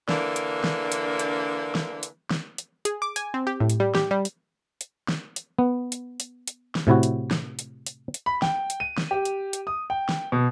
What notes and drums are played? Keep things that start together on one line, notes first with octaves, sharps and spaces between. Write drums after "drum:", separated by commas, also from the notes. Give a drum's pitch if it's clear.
D3 E3 A#3 D4, drum: snare
drum: hi-hat
drum: snare
drum: hi-hat
drum: hi-hat
drum: snare
drum: hi-hat
drum: snare
drum: hi-hat
G#4, drum: hi-hat
D6
G#5, drum: hi-hat
C4
G4
A2
drum: hi-hat
G3
G4, drum: snare
G3
drum: hi-hat
drum: hi-hat
drum: snare
drum: hi-hat
B3
drum: hi-hat
drum: hi-hat
drum: hi-hat
drum: snare
A2 C3 E4 F#4
drum: hi-hat
drum: snare
drum: hi-hat
drum: hi-hat
drum: hi-hat
B5
G5, drum: snare
drum: hi-hat
D#7
drum: snare
G4
drum: hi-hat
drum: hi-hat
D#6
G5
drum: snare
B2